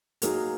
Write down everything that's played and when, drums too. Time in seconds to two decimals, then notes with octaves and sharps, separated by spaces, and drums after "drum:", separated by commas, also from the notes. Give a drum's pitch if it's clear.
0.22 F#3 A#3 D#4 F#4 G#4 A#4, drum: hi-hat